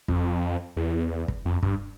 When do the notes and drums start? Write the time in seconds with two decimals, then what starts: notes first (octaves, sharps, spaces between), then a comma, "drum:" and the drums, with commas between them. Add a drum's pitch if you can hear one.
0.08 F2, drum: kick
0.76 E2
1.28 drum: kick
1.45 F2
1.63 G2, drum: kick